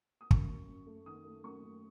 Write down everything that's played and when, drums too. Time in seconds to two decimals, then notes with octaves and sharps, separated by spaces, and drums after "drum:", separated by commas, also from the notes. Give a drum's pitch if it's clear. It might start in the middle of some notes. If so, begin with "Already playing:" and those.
0.21 D#6
0.31 F#2 C#6, drum: kick
0.50 F#2
0.69 F#2
0.87 A3
1.06 D#3 D#6
1.25 A3
1.44 F#2 C#6
1.62 F#2